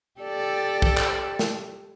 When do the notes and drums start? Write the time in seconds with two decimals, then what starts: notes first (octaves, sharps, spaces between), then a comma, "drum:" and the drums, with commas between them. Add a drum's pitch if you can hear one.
0.21 G4 A4 D5
0.82 drum: kick
0.97 drum: clap
1.39 drum: snare